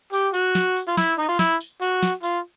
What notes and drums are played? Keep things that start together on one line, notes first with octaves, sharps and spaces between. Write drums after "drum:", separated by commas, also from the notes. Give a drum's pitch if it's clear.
G4, drum: tambourine
F#4, drum: tambourine
drum: snare
drum: tambourine
F4
E4, drum: snare
D#4
F4
E4, drum: snare
drum: tambourine
F#4, drum: tambourine
drum: snare
F4, drum: tambourine